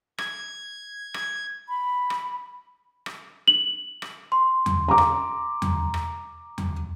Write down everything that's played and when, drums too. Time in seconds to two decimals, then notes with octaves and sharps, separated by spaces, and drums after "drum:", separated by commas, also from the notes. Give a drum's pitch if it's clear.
0.18 G#6, drum: rim click
1.14 drum: rim click
1.69 B5
2.10 drum: rim click
3.06 drum: rim click
3.48 F#7
4.02 drum: rim click
4.32 C6
4.66 drum: tom E2
4.88 A#5 D6
4.98 drum: rim click
5.62 drum: tom E2
5.94 drum: rim click
6.58 drum: tom E2